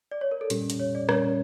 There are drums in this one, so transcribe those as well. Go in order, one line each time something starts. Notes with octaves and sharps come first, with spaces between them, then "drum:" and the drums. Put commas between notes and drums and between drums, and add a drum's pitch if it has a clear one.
D5
C#5
A#4
A4
A#2 G3 C#4 G4, drum: hi-hat
drum: hi-hat
C#5
D5
A#2 G3 C#4 C#5, drum: rim click